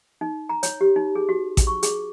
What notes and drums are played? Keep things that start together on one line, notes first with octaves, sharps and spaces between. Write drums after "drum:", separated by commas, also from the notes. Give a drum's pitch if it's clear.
D#4
A#5
C#5, drum: hi-hat
G4
D#4
G#4
F#4
drum: kick A1, hi-hat
C#6
G#4, drum: hi-hat